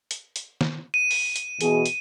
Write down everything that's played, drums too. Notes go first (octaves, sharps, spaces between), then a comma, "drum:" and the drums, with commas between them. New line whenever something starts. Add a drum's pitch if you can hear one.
drum: hi-hat
drum: hi-hat
drum: snare D#3
D#7
drum: open hi-hat
drum: hi-hat
B2 E3 G#4, drum: hi-hat
drum: hi-hat